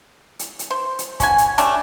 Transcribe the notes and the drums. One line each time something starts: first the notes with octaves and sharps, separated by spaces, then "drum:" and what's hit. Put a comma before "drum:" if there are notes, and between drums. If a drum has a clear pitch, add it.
drum: hi-hat
drum: hi-hat
C5
drum: hi-hat
C#4 F#4 G#5, drum: kick, hi-hat
drum: hi-hat
G3 A3 C#4 D4, drum: hi-hat